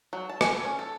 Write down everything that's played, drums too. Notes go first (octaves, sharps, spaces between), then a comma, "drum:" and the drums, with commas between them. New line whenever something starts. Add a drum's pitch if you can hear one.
F#3
A5
G#5, drum: rim click
A4
C#4
A4